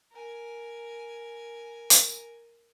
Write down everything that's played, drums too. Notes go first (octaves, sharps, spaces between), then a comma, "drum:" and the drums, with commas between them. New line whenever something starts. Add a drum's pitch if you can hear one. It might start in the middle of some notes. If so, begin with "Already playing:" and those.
A#4 G#5
drum: hi-hat